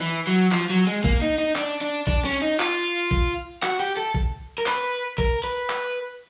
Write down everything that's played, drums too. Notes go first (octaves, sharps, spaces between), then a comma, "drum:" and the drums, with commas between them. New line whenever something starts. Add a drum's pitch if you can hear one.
E3
F#3
F3, drum: clap
F#3
G#3
A#3, drum: kick A#1
D#4
D#4
D4, drum: clap
D4
D4, drum: kick A#1
C#4
D#4
F4, drum: clap
drum: kick A#1
F#4, drum: clap
G4
A4
drum: kick A#1
A#4
B4, drum: clap
A#4, drum: kick A#1
B4
drum: clap